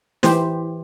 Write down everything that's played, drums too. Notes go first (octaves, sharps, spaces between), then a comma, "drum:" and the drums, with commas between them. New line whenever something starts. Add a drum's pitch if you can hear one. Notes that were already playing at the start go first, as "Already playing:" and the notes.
E3 G4 C5, drum: snare